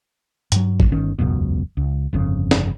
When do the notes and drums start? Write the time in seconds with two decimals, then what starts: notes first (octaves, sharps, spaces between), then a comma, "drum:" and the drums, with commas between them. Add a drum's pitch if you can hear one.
0.52 G2 F#3, drum: hi-hat
0.80 drum: kick
0.92 G1 D#3 C#4
1.19 E1 C#2 F#2 B2
1.77 C#2
2.13 G1 F2 C#3
2.51 drum: snare